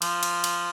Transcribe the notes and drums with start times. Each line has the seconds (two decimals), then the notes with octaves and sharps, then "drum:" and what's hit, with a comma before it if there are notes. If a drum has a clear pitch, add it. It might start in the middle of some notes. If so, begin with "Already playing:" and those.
0.02 F3, drum: cymbal
0.23 drum: cymbal
0.44 drum: cymbal